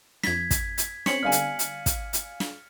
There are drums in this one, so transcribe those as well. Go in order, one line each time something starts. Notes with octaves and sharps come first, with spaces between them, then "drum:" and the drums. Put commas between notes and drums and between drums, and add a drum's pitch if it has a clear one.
F2 G#6 A6 B6, drum: snare
drum: kick, hi-hat
drum: hi-hat
C4 C#4 C#5 B6 C#7 F#7, drum: snare
D3 G3 B3 D5 F5 G#5 F6
drum: hi-hat
drum: hi-hat
drum: kick, hi-hat
drum: hi-hat
drum: snare